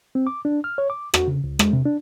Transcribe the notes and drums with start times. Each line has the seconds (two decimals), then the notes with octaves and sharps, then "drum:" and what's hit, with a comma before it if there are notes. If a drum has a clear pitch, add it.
0.15 C4
0.27 D6
0.45 D4
0.64 F6
0.78 C#5
0.90 D6
1.14 F#4, drum: rim click
1.27 C#3
1.44 C#2
1.59 G#3, drum: rim click
1.73 C3
1.85 D4